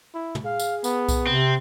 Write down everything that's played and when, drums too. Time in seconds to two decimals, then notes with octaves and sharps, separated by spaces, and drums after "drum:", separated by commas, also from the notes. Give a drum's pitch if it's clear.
0.14 E4
0.35 drum: tom
0.45 G#4 F5
0.59 drum: tambourine
0.84 B3, drum: tambourine
1.09 drum: kick B1, tambourine
1.27 C3 C4